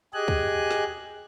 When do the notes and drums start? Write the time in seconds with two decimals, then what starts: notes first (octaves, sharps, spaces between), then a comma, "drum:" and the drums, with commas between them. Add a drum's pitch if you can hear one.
0.14 G4 G#4 D#5 G#5 F#6
0.28 drum: kick C#2
0.71 drum: snare